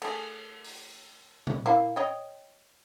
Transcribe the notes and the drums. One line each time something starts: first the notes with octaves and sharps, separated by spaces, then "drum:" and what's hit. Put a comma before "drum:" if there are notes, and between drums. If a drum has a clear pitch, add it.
A3 G#4, drum: cymbal
drum: open hi-hat
drum: tom A#2
A#3 E4 F5
C#5 D#5 G5